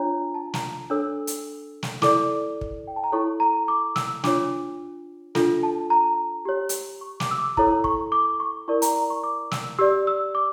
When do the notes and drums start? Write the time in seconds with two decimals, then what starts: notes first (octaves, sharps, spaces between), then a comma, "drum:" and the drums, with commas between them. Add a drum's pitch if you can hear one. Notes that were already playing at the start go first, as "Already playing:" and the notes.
Already playing: D4 F4 C#5 A#5
0.34 A5
0.54 A#5, drum: snare
0.90 D4 A4 C#5 E6
1.27 drum: hi-hat
1.83 drum: snare
2.02 E4 A4 D5 D6, drum: snare
2.61 drum: kick
2.87 G5
2.96 A5
3.04 A#5
3.12 E4 A4 C#5 C#6
3.40 A#5
3.68 D6
3.96 E6, drum: snare
4.24 D4 F4 C#5 D6, drum: snare
5.35 D4 F4 A4, drum: snare
5.63 A5
5.90 A#5
6.45 G4 C#5
6.69 drum: hi-hat
7.01 C#6
7.20 D6, drum: snare
7.31 E6
7.38 D6
7.57 E4 A4 C#5 A#5, drum: kick
7.84 C#6, drum: kick
8.12 D6
8.40 C#6
8.68 E4 A#4 D5 C#6
8.82 A#5, drum: hi-hat
8.96 A#5
9.10 C#6
9.24 D6
9.51 E6, drum: snare
9.79 G4 D5 E6
10.07 E6
10.35 D6